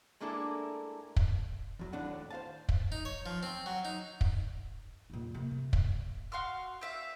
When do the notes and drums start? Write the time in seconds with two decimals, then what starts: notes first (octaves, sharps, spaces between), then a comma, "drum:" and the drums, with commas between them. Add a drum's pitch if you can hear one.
0.20 A2 G#3 A#3 D4 E4 A4
1.16 drum: kick
1.79 E2 F#3
1.93 D#2 A2 D4 F#5
2.30 C5 F5 A5
2.69 drum: kick
2.92 D#4
3.05 C#5
3.26 F3
3.43 C4
3.66 F#3
3.85 D#4
4.21 drum: kick
5.10 E2 A#2
5.34 C3 A#3
5.51 C3
5.73 drum: kick
6.32 F#4 F5 C6 F6
6.81 C4 E5 F5